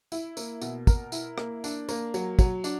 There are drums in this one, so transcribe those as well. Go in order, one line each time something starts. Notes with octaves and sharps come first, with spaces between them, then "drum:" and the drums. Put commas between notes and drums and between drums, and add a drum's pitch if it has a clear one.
E4, drum: tambourine
A#3, drum: tambourine
B2, drum: tambourine
A#4, drum: kick, tambourine
E4, drum: tambourine
A#3, drum: rim click
D4, drum: tambourine
A#3, drum: tambourine
F#3, drum: tambourine
F#3, drum: kick, tambourine
D4, drum: tambourine